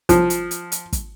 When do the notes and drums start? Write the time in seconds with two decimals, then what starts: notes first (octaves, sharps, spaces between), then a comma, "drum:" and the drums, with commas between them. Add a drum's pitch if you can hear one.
0.09 F3, drum: kick, hi-hat
0.30 drum: hi-hat
0.51 drum: hi-hat
0.72 drum: hi-hat
0.93 drum: kick, hi-hat